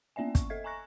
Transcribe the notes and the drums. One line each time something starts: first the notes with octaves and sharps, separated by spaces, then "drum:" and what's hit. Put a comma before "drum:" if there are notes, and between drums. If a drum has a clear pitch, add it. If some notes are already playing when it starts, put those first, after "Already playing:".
A#3 B3 C#4 D5 E5 G#5
C#6, drum: kick, hi-hat
A4 D#5 E5 G#6
G#5 A#5 C#6 F#6 A#6